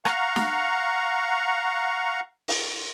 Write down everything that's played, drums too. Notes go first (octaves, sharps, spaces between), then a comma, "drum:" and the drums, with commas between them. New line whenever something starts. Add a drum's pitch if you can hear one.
F5 F#5 A#5 C#6, drum: rim click
drum: snare
drum: open hi-hat